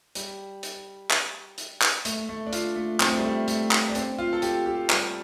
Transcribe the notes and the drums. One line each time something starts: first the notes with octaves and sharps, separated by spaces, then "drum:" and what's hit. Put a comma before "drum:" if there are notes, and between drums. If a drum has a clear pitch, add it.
G3, drum: hi-hat
drum: hi-hat
drum: clap
drum: hi-hat
drum: clap
A3, drum: hi-hat
A3
D4
F4, drum: hi-hat
A3
C4, drum: clap
A3
G3
A3
A3, drum: hi-hat
drum: clap
D4
C4, drum: hi-hat
F4
A4
G4, drum: hi-hat
G4
G3, drum: clap